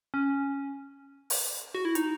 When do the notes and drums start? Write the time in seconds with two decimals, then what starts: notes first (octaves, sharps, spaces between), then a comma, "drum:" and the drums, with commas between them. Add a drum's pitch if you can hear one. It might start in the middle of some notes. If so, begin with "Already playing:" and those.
0.14 C#4
1.30 drum: open hi-hat
1.75 F#4
1.85 E4
1.95 D#4, drum: hi-hat